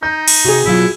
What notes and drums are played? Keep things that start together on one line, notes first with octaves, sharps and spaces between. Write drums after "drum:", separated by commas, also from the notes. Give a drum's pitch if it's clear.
D#4 G6
drum: cymbal
C3 F#4 G#4
B2 F#3 E4 F4